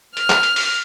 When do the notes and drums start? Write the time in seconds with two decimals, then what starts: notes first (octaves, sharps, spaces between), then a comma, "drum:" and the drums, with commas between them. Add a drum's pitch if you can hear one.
0.17 F6, drum: hi-hat
0.30 drum: clap
0.43 drum: hi-hat
0.56 drum: open hi-hat